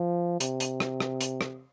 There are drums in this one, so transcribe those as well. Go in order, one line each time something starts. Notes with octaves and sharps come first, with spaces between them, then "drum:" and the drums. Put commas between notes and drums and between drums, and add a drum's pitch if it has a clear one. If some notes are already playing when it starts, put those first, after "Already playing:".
Already playing: F3
C3, drum: hi-hat
drum: hi-hat
drum: rim click
drum: rim click
drum: hi-hat
drum: rim click